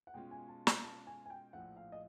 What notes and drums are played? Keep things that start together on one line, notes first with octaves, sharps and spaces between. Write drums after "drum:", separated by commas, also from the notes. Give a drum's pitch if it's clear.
F#5
B2 G#3 C#4 F4 G5
G#5
A5
A#5, drum: snare
A5
G#5
G#5
G5
A#1 A2 F3 F#5
F5
D#5